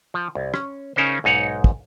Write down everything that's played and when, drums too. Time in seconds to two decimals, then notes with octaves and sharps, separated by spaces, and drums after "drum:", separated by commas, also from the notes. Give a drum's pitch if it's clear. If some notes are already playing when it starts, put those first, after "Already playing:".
0.14 F3
0.35 C2
0.54 C#4, drum: rim click
0.96 C#3 C#4 D#4 A#4 C5
1.24 B1 G#2 D#4 C#5 F#5
1.64 drum: kick